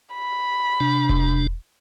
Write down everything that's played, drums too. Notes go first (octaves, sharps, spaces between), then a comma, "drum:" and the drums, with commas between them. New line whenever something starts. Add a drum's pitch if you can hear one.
B5
C3 D4
drum: kick E1